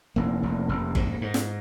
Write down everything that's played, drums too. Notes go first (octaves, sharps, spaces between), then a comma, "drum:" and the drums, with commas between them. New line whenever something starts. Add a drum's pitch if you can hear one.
F1 A#3
F1
F1
G#2, drum: kick G1
G#2
drum: snare